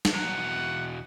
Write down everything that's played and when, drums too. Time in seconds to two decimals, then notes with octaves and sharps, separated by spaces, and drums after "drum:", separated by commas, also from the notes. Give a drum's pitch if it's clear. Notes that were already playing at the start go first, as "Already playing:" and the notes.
0.05 drum: snare
0.14 E2 B2 F#5 A#5